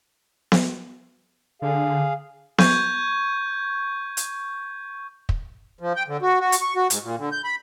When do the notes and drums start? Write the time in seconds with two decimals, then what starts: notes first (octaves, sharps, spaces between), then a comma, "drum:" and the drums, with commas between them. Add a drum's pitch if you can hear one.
0.52 drum: snare B3
1.62 D3 G#4 F5
2.58 C#6 G6 G#6 D#7, drum: snare B3
4.17 drum: hi-hat
5.29 drum: kick
5.80 F3
5.96 G5
6.08 D3
6.22 F#4
6.40 F#4
6.52 drum: hi-hat
6.61 C#6
6.76 F#4
6.90 G#2, drum: hi-hat
7.04 A#2
7.18 D3
7.32 G6
7.44 B5